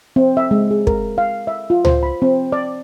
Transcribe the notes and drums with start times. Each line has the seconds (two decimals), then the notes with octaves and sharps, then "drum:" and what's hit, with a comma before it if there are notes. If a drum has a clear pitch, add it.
0.16 C4
0.37 E5
0.51 G#3
0.71 G#4
0.87 A#4, drum: kick
1.18 F5
1.47 E5
1.70 F4
1.85 C5, drum: tom C#2
2.03 B5
2.22 C4
2.52 D5